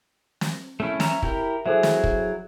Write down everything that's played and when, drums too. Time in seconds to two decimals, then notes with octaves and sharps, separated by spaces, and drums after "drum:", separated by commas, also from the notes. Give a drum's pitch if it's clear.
0.41 drum: snare
0.80 A3 C#4 E4
1.00 C#4 E5 A#5, drum: snare
1.22 E4 G4 A#4, drum: kick
1.66 F#3 E4 G#4 A4 C5 E5
1.83 drum: snare
2.04 drum: kick